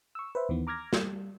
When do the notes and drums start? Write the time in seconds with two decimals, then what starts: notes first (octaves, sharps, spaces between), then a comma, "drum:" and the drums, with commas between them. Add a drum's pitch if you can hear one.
0.15 C#6 E6
0.35 B4 C5 E5
0.49 D#2 D#3 E3 B3
0.67 A#5 D6 F6 G#6 A#6
0.93 G3, drum: snare